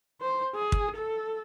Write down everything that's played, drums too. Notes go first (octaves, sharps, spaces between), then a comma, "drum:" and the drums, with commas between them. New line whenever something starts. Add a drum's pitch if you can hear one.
C5
G#4
drum: kick
A4